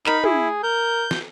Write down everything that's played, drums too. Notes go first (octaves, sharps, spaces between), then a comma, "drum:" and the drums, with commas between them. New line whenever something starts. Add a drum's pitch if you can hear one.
D#4 A#4 B5, drum: clap
E4 G#4, drum: tom
A#4 G6
drum: snare